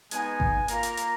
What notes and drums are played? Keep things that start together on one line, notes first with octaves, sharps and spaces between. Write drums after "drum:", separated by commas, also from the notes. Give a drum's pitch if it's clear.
G#3 B3 D#4 G#5, drum: hi-hat
drum: kick G#1
A#3 F4 A#5, drum: hi-hat
drum: hi-hat
drum: hi-hat